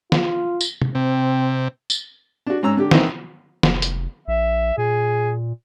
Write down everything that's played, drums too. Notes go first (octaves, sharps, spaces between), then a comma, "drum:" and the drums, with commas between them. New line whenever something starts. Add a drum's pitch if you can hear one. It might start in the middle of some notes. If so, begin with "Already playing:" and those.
F4, drum: snare
drum: tambourine
drum: tom
C3 C4
drum: tambourine
D4 F#4
G#2 C#4 A#5 E6
D3 G4
D#3 E3 C4 D#4, drum: snare
F1, drum: snare
drum: hi-hat
A#1 E5
A#2 G#4